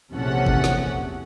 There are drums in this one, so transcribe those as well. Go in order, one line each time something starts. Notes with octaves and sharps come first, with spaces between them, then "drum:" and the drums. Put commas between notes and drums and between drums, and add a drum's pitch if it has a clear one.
A#1 E2 C3 C#4 A4 F#5
drum: kick G1
drum: snare